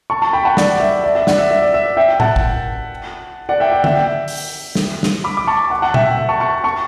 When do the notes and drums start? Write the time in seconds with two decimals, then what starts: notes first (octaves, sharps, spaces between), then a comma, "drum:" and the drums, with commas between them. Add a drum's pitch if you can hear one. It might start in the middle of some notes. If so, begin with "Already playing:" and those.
0.10 A5 C#6
0.22 A5 C#6
0.33 G5 B5
0.45 F#5 A5
0.57 D5 F#5, drum: snare
0.80 E5
1.04 D5
1.15 E5
1.27 D5 F#5, drum: snare
1.38 E5
1.51 E5
1.62 D5
1.74 E5
1.97 E5 G5
2.20 F#5 A5, drum: tom A2
2.36 drum: kick
3.49 D5 F#5
3.60 E5 G5
3.72 D5 F#5
3.84 E5 G5, drum: tom
4.28 drum: open hi-hat
4.75 drum: snare
5.03 drum: snare
5.24 B5 D6
5.37 D6
5.47 A5 C#6
5.70 F#5 A5
5.82 F#5 A5
5.94 E5 G5, drum: tom A#2
6.18 E5
6.29 A5 C#6
6.40 A5 C#6
6.64 A5 C#6